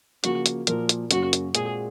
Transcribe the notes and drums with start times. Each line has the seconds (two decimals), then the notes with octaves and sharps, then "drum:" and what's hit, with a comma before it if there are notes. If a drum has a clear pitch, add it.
0.24 C#3 F3 A#3 F#4, drum: hi-hat
0.46 drum: hi-hat
0.67 A#2 F3 A#3 A#4, drum: hi-hat
0.89 drum: hi-hat
1.11 F#2 C#3 F#3 A#3 C#4 F#4, drum: hi-hat
1.33 drum: hi-hat
1.55 A#2 G#3 C4 F#4 G#4, drum: hi-hat